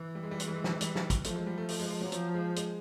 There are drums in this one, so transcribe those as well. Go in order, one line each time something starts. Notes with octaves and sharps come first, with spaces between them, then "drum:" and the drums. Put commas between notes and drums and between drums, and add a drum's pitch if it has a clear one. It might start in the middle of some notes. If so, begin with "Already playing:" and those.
Already playing: E3
G3
G#3
G3
G#3, drum: hi-hat
G3
G#3
G3, drum: snare
G#3
G3, drum: hi-hat
drum: snare
drum: kick, hi-hat
F3 A3, drum: hi-hat
G#3
G3
A3
A3, drum: open hi-hat
G#3
G#3
F#3
F3 F#3, drum: hi-hat
G#3
G#3, drum: hi-hat